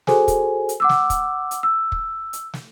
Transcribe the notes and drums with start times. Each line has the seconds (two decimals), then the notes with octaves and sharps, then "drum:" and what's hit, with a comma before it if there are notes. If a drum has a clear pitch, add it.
0.07 F#4 G#4 A4 C5 G#5, drum: snare
0.28 drum: kick, hi-hat
0.69 drum: hi-hat
0.80 F#5 D6 E6
0.89 drum: snare
1.10 drum: kick, hi-hat
1.51 drum: hi-hat
1.63 E6
1.92 drum: kick
2.33 drum: hi-hat
2.54 drum: snare